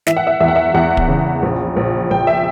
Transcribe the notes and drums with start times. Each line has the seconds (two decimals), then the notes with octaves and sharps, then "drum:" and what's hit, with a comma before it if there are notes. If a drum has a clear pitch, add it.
0.07 E3 E5, drum: snare
0.17 F#5
0.27 E5
0.40 E2 E5
0.48 F#5
0.56 E5
0.74 E2 F#5
0.97 drum: kick
1.08 C#3
1.43 A#1
1.76 A#1
2.11 A#1 G5
2.27 E5